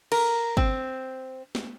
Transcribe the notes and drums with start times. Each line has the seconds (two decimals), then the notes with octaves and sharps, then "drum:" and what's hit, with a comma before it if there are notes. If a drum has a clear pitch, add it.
0.12 A#4, drum: cymbal
0.57 C4, drum: kick
1.55 drum: snare